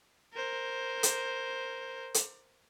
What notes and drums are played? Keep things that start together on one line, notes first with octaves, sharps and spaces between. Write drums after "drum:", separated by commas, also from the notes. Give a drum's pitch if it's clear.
A#4 C5
drum: hi-hat
drum: hi-hat